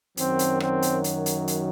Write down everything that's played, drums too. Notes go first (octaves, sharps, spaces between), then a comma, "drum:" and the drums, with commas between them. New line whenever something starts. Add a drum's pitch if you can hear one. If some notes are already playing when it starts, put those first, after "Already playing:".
F#2 D#3 F#3 C4, drum: hi-hat
drum: hi-hat
C4, drum: rim click
drum: hi-hat
drum: hi-hat
drum: hi-hat
drum: hi-hat